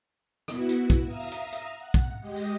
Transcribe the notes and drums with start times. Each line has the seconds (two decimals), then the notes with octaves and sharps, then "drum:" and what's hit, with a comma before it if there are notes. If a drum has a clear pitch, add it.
0.48 B3 E4 F#4, drum: rim click
0.69 drum: hi-hat
0.90 drum: kick, hi-hat
1.05 E5 F5 A#5 D#6
1.32 drum: hi-hat
1.52 drum: hi-hat
1.78 F#5
1.94 drum: kick, hi-hat
2.21 G#3 G4 D#5
2.36 drum: open hi-hat